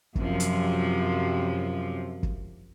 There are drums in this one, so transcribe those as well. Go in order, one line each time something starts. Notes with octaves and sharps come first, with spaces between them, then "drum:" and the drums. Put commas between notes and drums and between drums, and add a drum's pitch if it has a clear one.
F#2 C3 F3, drum: kick
drum: hi-hat
drum: kick